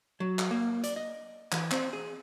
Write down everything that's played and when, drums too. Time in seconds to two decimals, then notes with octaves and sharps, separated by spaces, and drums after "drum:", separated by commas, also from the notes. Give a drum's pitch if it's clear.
0.20 F#3
0.39 drum: clap
0.51 A#3
0.84 D5, drum: hi-hat
0.96 D#5
1.52 E3, drum: clap
1.71 C4, drum: clap
1.93 G#4